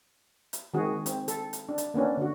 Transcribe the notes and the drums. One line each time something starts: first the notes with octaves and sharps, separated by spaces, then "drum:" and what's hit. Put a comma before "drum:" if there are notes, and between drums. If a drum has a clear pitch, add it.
drum: hi-hat
D#3 G#3 C4 F#4 G#4
C4, drum: hi-hat
A4, drum: hi-hat
drum: hi-hat
D4
drum: hi-hat
A#3 B3 C#4 D4
D3 F#4